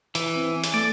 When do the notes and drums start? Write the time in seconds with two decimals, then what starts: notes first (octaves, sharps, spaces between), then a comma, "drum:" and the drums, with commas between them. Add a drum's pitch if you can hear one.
0.15 E3, drum: hi-hat
0.35 C4
0.52 G#5
0.64 drum: hi-hat
0.74 A3 D5